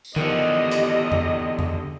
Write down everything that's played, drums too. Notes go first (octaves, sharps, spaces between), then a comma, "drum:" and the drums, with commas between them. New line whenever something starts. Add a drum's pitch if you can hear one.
drum: tambourine
E2 D3 D#3 F3 G4 D#5
drum: hi-hat
drum: tom E2
drum: tom E2